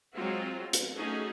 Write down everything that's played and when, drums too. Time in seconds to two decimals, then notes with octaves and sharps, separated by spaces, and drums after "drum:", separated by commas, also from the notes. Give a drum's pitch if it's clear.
0.14 F#3 G#3 C4 F4 F#4
0.73 drum: hi-hat
0.96 A3 C#4 D#4 F#4 G#4 A4